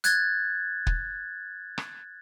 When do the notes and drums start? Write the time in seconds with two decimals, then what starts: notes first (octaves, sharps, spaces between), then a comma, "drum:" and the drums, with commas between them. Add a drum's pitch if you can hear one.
0.04 F#6 G#6 A6, drum: hi-hat
0.87 drum: kick
1.78 drum: rim click